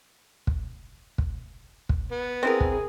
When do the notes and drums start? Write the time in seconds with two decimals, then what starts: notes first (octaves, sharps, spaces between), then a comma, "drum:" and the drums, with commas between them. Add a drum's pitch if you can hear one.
0.47 drum: kick
1.18 drum: kick
1.89 drum: kick
2.12 B3
2.43 C4 E4 G#4 A#4
2.60 drum: kick